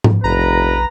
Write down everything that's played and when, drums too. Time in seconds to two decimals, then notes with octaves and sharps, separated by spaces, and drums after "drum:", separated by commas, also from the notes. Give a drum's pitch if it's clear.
0.04 drum: tom G#2
0.24 F1 A#1 B4 A#5